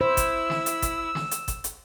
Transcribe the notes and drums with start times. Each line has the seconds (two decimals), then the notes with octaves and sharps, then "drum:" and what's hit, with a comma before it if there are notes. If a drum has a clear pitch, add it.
0.01 E4 C5 E6
0.17 drum: kick G1, hi-hat
0.50 drum: snare
0.66 drum: hi-hat
0.82 drum: kick G1, hi-hat
1.15 drum: snare
1.31 drum: hi-hat
1.48 drum: kick G1, hi-hat
1.64 drum: hi-hat